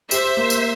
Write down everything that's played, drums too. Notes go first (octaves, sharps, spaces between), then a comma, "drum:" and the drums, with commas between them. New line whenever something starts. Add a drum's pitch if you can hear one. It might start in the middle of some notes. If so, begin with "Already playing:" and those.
G4 C5 E5, drum: tambourine
A#3
drum: tambourine